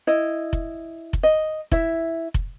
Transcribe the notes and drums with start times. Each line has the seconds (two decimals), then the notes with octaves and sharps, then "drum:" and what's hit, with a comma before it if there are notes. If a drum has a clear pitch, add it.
0.07 E4 D#5
0.53 drum: kick F1
1.13 drum: kick F1
1.23 D#5
1.72 E4 E5, drum: kick F1
2.34 drum: kick F1